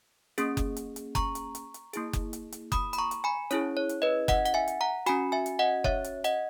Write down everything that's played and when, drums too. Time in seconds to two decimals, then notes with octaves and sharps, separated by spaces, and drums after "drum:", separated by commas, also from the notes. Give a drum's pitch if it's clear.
0.38 A#3 C#4 G#4, drum: hi-hat
0.57 drum: kick F#1, hi-hat
0.76 drum: hi-hat
0.96 drum: hi-hat
1.15 A#5 C#6, drum: kick F#1, hi-hat
1.35 drum: hi-hat
1.55 drum: hi-hat
1.74 drum: hi-hat
1.93 A#3 E4 G#4, drum: hi-hat
2.13 drum: kick F#1, hi-hat
2.33 drum: hi-hat
2.52 drum: hi-hat
2.72 B5 D#6, drum: kick F#1, hi-hat
2.93 B5, drum: hi-hat
2.98 A#5 C#6
3.11 drum: hi-hat
3.24 G#5 B5
3.51 C#4 E4 G#4 C#5, drum: hi-hat
3.77 C#5
3.89 drum: hi-hat
4.02 B4 D#5
4.28 D#5 F#5, drum: kick F#1, hi-hat
4.45 F#5, drum: hi-hat
4.54 E5 G#5
4.68 drum: hi-hat
4.81 F#5 A#5
5.06 C#4 F#4 G#5 B5, drum: hi-hat
5.32 E5 G#5
5.46 drum: hi-hat
5.59 D#5 F#5
5.84 C#5 E5, drum: kick F#1
6.04 drum: hi-hat
6.24 D#5 F#5, drum: hi-hat